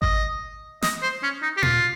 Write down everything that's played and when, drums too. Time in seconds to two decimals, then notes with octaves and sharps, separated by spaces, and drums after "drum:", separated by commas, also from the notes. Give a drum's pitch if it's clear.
0.02 D#5, drum: kick G#1
0.82 D#5, drum: snare
1.02 C5
1.23 C#4
1.42 D#4
1.57 G4
1.63 F4, drum: tom A#2